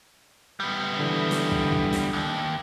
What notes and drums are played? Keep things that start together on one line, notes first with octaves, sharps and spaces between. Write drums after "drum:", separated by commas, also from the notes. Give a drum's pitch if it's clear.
G3 B3
D3 E3
drum: snare
drum: kick
drum: kick
drum: snare
D#2